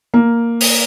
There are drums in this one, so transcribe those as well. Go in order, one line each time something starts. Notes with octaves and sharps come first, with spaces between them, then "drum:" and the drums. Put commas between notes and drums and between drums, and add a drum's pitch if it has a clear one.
A#3
drum: open hi-hat